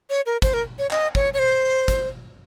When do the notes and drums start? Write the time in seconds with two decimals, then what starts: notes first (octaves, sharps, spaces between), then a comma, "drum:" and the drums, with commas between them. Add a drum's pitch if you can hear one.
0.10 C#5
0.26 A#4
0.42 C5, drum: kick, hi-hat
0.54 A#4
0.79 C#5
0.91 D#5, drum: clap
1.15 C#5, drum: kick
1.34 C#5
1.39 C5
1.88 drum: kick, hi-hat